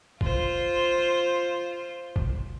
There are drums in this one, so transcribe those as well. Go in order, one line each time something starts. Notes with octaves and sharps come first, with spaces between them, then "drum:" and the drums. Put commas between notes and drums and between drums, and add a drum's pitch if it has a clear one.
F4 C5, drum: kick
drum: kick